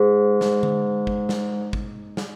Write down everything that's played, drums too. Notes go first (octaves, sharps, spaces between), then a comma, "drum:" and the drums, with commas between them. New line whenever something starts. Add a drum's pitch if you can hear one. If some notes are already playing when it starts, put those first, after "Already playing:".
Already playing: G#2
drum: snare
drum: tom D3
drum: kick
drum: snare
drum: kick
drum: snare